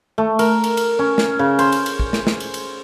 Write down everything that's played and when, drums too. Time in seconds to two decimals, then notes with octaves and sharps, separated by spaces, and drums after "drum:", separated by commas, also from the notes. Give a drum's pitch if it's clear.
0.18 A3
0.39 A#4, drum: cymbal
0.64 drum: cymbal
0.77 drum: cymbal
0.99 C#4
1.18 drum: snare
1.39 C#3
1.59 C5, drum: cymbal
1.72 drum: cymbal
1.86 drum: cymbal
1.99 drum: kick A1
2.13 drum: snare
2.27 drum: snare
2.40 drum: cymbal
2.54 drum: cymbal